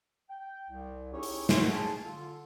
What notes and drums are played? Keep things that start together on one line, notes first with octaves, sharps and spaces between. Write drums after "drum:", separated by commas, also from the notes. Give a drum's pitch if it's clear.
G5
C2
C#4 D#4 E4 G4 G#4 C#5
drum: open hi-hat
C#5 E5 F#5 C6, drum: snare
G#4 A5
D3 F4 A4